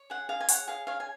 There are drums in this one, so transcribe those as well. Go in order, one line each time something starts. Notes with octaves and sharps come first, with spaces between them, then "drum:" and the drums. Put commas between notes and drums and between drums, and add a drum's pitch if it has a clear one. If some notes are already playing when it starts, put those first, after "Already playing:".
Already playing: C#5
G#4 F#5
G#4 F5
G#5
C#5 F#5, drum: open hi-hat
G#4 F5
C#5 F5
G#5